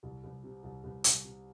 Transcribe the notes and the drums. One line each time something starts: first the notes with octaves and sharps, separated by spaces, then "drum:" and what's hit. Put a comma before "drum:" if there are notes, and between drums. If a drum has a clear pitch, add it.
C2
C2
C3
C2
C2
C2, drum: hi-hat
C3